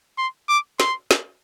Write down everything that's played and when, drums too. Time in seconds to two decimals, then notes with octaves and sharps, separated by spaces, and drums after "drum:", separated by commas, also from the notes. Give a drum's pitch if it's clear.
0.18 C6
0.49 D6
0.80 C6, drum: snare
1.11 drum: snare